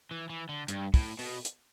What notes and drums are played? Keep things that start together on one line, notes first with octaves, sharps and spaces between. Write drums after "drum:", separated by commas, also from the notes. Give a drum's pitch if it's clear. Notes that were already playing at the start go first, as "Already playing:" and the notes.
E3
E3
D3
G2, drum: hi-hat
A2, drum: kick, open hi-hat
B2, drum: open hi-hat
drum: hi-hat